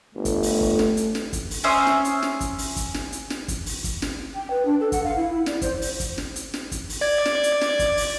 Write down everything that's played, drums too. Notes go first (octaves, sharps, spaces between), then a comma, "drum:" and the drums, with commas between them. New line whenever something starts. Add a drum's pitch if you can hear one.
G1 A3
drum: kick, hi-hat
drum: open hi-hat
drum: kick
drum: snare
drum: hi-hat
drum: snare
drum: kick, hi-hat
drum: open hi-hat
C#4 C5 E5 D#6
drum: snare
drum: hi-hat
drum: snare
drum: kick, hi-hat
drum: open hi-hat
drum: kick, hi-hat
drum: snare
drum: hi-hat
drum: snare
drum: kick, hi-hat
drum: open hi-hat
drum: kick, hi-hat
drum: snare
G5
B4
D4
A4
F#5, drum: kick, hi-hat
F5
E4
E4
D5, drum: snare
C5, drum: kick, hi-hat
drum: open hi-hat
drum: kick, hi-hat
drum: snare
drum: hi-hat
drum: snare
drum: kick, hi-hat
drum: open hi-hat
D5 G#6
drum: snare
drum: hi-hat
drum: snare
drum: kick, hi-hat
drum: open hi-hat